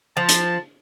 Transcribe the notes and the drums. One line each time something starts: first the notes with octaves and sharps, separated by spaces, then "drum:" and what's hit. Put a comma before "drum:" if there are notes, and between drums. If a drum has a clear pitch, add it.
F3 A5
drum: hi-hat